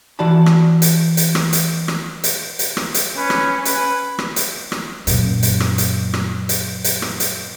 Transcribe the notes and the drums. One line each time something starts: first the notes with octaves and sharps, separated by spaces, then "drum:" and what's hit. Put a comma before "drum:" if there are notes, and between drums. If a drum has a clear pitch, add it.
E3 F#4 D5 A5 B5
drum: rim click
drum: hi-hat
drum: hi-hat
drum: rim click
drum: hi-hat
drum: rim click
drum: hi-hat
drum: hi-hat
drum: rim click
drum: hi-hat
C#4 B4
drum: rim click
B4, drum: hi-hat
drum: rim click
drum: hi-hat
drum: rim click
F#2 A#2, drum: hi-hat
drum: hi-hat
drum: rim click
drum: hi-hat
drum: rim click
drum: hi-hat
drum: hi-hat
drum: rim click
drum: hi-hat